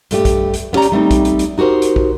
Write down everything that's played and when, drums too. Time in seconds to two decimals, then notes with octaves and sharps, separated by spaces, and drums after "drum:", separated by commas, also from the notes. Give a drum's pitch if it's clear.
0.11 G2 A3 G4, drum: hi-hat
0.25 drum: kick, hi-hat
0.54 drum: hi-hat
0.73 B3 C#4 G4 D5 A#5
0.82 drum: hi-hat
0.92 G3 A3 C4 D#4
1.11 drum: kick, hi-hat
1.25 drum: hi-hat
1.39 drum: hi-hat
1.58 D#4 F#4 G4 A#4 C5
1.82 drum: hi-hat
1.96 drum: kick